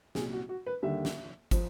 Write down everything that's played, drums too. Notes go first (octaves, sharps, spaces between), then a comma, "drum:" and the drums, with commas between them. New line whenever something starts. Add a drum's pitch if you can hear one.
C2 A#2 F#3 G#4, drum: snare
F#4
F#4
B4
D#2 D3 G3 A#3 E5
drum: snare
F3, drum: kick, hi-hat